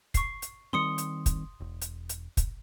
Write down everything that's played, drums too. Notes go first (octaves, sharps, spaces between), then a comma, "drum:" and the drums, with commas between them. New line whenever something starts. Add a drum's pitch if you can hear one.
C#6 C7, drum: kick, hi-hat
drum: hi-hat
D#3 G3 C4 C6 D#6 C#7
drum: hi-hat
drum: kick, hi-hat
E1
drum: hi-hat
drum: hi-hat
drum: kick, hi-hat